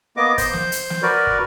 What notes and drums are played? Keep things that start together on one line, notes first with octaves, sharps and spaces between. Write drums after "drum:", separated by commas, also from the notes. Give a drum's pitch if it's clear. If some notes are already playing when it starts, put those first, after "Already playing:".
A#3 B3 D#5 D6
C5 G6, drum: kick, hi-hat
drum: snare
drum: hi-hat
drum: snare
F#4 A#4 B4 D5
drum: kick